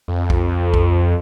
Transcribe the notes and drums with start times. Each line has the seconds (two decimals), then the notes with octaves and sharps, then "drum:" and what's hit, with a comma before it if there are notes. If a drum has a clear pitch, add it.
0.08 F2
0.30 drum: kick B1
0.74 drum: kick B1